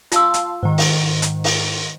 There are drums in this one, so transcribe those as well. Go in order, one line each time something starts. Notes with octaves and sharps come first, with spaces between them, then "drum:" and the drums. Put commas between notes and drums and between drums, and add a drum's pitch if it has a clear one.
F4 F5 A5 C6 E6, drum: hi-hat
drum: hi-hat
G#2 D#3
drum: open hi-hat
drum: hi-hat
drum: open hi-hat